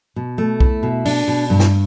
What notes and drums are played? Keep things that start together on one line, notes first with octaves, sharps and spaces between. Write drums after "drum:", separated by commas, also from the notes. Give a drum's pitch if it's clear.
B2
A3
E4, drum: kick B1
B2
D4, drum: open hi-hat
B2
G2
drum: snare